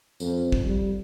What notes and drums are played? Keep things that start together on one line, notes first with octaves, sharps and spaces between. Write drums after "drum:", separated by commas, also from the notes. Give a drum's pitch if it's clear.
F2, drum: tambourine
drum: kick
G3